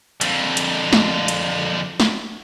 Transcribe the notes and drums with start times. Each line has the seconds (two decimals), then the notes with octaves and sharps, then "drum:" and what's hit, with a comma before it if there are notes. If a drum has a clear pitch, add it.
0.21 F2 D3, drum: hi-hat
0.57 drum: hi-hat
0.93 drum: snare
1.28 drum: hi-hat
2.00 drum: snare